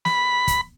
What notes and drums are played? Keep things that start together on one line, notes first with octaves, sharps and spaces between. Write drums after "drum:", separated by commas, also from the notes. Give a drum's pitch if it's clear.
B5, drum: snare
drum: kick, hi-hat